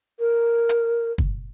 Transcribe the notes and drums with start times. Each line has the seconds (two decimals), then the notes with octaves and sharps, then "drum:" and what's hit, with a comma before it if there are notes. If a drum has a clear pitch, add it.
0.19 A#4
0.69 drum: hi-hat
1.18 drum: kick